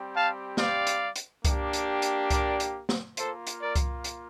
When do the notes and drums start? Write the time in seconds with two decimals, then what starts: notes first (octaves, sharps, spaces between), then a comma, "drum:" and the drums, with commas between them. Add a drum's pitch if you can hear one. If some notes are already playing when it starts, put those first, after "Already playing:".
Already playing: G3 C4 G4
0.15 F5 A5
0.57 D5 F5, drum: snare
0.87 drum: hi-hat
1.16 drum: hi-hat
1.45 A#3 D4 G4, drum: kick C2, hi-hat
1.73 drum: hi-hat
2.02 drum: hi-hat
2.31 A#4 D5, drum: kick C2, hi-hat
2.60 drum: hi-hat
2.89 drum: snare
3.17 A#3 F4 A4 C5, drum: hi-hat
3.47 drum: hi-hat
3.61 A#4 D5
3.76 drum: kick C2, hi-hat
4.04 drum: hi-hat